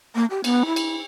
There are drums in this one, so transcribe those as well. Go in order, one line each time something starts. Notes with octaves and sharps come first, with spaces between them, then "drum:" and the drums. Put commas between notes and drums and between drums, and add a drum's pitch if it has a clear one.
A#3
G4
B3, drum: cymbal
E4
drum: cymbal